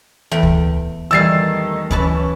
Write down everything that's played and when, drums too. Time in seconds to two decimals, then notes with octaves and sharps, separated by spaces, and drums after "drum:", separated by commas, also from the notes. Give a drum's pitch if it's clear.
0.31 E2 A3 G5
0.43 drum: kick D2
1.11 E2 D#3 G3 A3 G#5 E6 A6 C7
1.91 F#2 E3 C#4 B4 A5, drum: kick D2